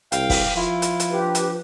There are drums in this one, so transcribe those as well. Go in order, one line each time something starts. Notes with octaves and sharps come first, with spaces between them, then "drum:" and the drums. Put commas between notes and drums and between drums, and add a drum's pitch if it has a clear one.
C2 F5 G5, drum: hi-hat
drum: kick, open hi-hat
F3 E4 F4
drum: hi-hat
drum: hi-hat
D4 G4 B4
drum: hi-hat